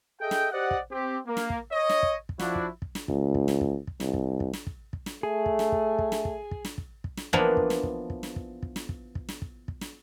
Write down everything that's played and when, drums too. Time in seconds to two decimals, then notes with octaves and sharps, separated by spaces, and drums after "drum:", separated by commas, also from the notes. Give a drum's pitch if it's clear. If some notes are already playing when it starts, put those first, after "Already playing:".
0.21 G#4 A4 D#5 E5 G5
0.31 drum: snare
0.52 G4 C5 D5 D#5 F#5
0.71 drum: kick
0.91 C4 G4
1.27 A#3
1.37 drum: snare
1.50 drum: kick
1.72 C#5 D#5
1.89 drum: snare
2.03 drum: kick
2.29 drum: kick
2.39 F3 D4 E4 F#4, drum: snare
2.55 drum: kick
2.82 drum: kick
2.95 drum: snare
3.08 C#2, drum: kick
3.35 drum: kick
3.48 drum: snare
3.61 drum: kick
3.87 drum: kick
4.00 C2, drum: snare
4.14 drum: kick
4.40 drum: kick
4.53 drum: snare
4.67 drum: kick
4.93 drum: kick
5.06 drum: snare
5.23 A3 G#4
5.46 drum: kick
5.59 drum: snare
5.72 drum: kick
5.99 drum: kick
6.12 drum: snare
6.25 drum: kick
6.51 drum: kick
6.65 drum: snare
6.78 drum: kick
7.04 drum: kick
7.17 drum: snare
7.33 E3 F3 A#3 B3 D4, drum: kick
7.57 drum: kick
7.70 drum: snare
7.83 drum: kick
8.10 drum: kick
8.23 drum: snare
8.36 drum: kick
8.63 drum: kick
8.76 drum: snare
8.89 drum: kick
9.15 drum: kick
9.29 drum: snare
9.42 drum: kick
9.68 drum: kick
9.81 drum: snare